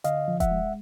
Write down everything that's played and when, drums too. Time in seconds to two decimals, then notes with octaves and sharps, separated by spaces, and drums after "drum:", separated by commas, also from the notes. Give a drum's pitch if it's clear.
0.04 D3 D#5 F5, drum: hi-hat
0.28 F3
0.40 E5 F#5, drum: kick D#1, hi-hat
0.51 G#3